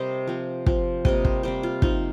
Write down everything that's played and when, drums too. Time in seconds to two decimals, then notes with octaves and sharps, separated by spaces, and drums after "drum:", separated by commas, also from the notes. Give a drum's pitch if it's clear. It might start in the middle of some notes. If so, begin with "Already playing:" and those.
Already playing: C3 G3 C4 A#4 C5 D#5
0.27 F3 C4
0.66 F3 C4, drum: kick
1.05 C3 G3 A#3 D#5, drum: kick
1.25 C5, drum: kick
1.43 C3 G3 C4 C5
1.63 F4
1.82 F3 C4 D#4, drum: kick